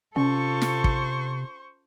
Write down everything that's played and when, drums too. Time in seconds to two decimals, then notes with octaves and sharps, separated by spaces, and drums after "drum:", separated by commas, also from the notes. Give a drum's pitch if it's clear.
0.16 C3 C#4 F4 A4 C5 C#6
0.62 drum: snare
0.84 drum: kick